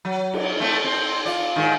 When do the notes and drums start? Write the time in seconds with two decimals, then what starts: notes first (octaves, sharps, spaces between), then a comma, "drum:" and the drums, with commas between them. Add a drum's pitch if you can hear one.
0.05 F#3
0.34 drum: cymbal
0.60 A3 C4
0.84 C4
1.25 F4 D5
1.56 G#2 D#3